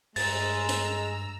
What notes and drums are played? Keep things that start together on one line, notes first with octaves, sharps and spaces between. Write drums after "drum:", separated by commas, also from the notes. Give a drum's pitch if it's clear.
G2 G#3 A#5 E6 A6, drum: open hi-hat
drum: hi-hat